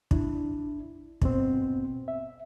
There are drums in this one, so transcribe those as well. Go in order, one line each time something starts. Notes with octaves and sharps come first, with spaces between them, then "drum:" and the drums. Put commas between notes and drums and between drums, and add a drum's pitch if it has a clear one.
D4 E4, drum: kick
G2 B2 B3 C4, drum: kick
E5